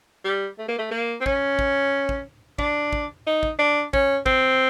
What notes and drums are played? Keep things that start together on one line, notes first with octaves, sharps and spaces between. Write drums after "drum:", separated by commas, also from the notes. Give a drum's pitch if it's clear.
G3
A3
A#3
A3
A#3
C4
C#4, drum: kick
drum: kick
drum: kick
D4, drum: kick
drum: kick
D#4
drum: kick
D4
C#4, drum: kick
C4, drum: kick